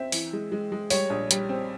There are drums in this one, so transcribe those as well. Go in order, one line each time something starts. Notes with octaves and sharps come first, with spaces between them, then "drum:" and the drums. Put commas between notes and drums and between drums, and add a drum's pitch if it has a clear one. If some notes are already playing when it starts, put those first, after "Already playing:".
Already playing: C4 E5
E3, drum: open hi-hat
G#3
G#3
G#3
G3 C#5, drum: open hi-hat
A#1
G3, drum: hi-hat
C4